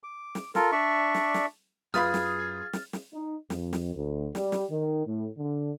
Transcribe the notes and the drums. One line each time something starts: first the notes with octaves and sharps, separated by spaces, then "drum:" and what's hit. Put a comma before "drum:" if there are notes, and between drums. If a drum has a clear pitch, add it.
D6
drum: snare
F4 A4 A#4, drum: snare
D4 D5 E5 C#6
drum: snare
drum: snare
F#2 F4 G#4 B4 B5 D#6 F6 A6, drum: snare
drum: snare
drum: snare
drum: snare
D#4
F2, drum: snare
drum: snare
D2
G3, drum: snare
drum: snare
D#3
A2
D3